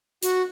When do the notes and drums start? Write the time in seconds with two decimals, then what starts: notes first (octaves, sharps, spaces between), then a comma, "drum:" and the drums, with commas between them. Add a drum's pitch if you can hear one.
0.22 F#4, drum: hi-hat